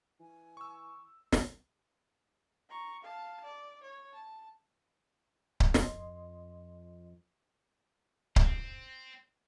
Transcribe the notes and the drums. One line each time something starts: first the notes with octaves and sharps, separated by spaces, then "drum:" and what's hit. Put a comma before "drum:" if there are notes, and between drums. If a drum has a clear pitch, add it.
E3 G#5
C#6 E6
drum: snare
A#5 C#6
F5 A5
D5
C#5
A5
drum: kick C#1
F2 D#5 C6, drum: snare
C4, drum: kick C#1